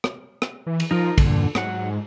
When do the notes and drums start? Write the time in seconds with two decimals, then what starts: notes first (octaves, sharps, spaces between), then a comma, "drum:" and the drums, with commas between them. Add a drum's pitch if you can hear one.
0.04 drum: rim click
0.42 drum: rim click
0.67 E3
0.80 drum: cymbal
0.91 F3 D#4 F4 A#4
1.18 E2 G2 A#2 D3, drum: kick, cymbal
1.55 G#2 F#3 F#5, drum: rim click